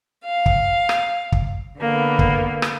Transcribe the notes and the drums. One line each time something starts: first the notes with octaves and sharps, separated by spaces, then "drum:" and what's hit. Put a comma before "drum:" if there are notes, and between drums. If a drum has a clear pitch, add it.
F5
drum: kick
drum: rim click
drum: kick
D3 A#3 B3
drum: kick
drum: rim click